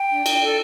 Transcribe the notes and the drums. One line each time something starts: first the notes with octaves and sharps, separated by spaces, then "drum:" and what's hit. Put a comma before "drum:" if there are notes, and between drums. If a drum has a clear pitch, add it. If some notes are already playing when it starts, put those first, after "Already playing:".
Already playing: G5
D4
D4, drum: cymbal
A4